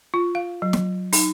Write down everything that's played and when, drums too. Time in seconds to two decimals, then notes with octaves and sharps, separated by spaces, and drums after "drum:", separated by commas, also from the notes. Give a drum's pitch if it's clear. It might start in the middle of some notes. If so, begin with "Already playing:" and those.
0.14 F4
0.35 F5
0.62 F#3
0.73 drum: snare
1.13 D#4, drum: open hi-hat